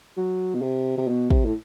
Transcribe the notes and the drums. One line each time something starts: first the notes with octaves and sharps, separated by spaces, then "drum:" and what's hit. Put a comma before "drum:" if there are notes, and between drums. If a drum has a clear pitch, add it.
F#3
B2
C3
C3
B2
C3, drum: kick
A2